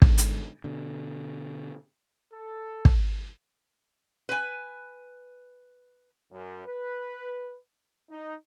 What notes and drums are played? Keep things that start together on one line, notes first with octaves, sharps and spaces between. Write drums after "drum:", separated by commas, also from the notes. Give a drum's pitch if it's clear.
G#2 D3, drum: kick
drum: hi-hat
B2 D3
A4
drum: kick
B4 G#5
F#2
B4
D#4